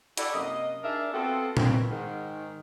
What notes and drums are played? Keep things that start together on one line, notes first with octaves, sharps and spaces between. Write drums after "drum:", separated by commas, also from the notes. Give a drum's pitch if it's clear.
E4 F#4 G4 A4 D5, drum: hi-hat
F#2 C3 A#3 D#5
D4 D#4 G#4 A#4 D5 E5
B3 C4 F4 F#4 A4
B2 E3 A#3 C4, drum: tom A#2
G#2 D#3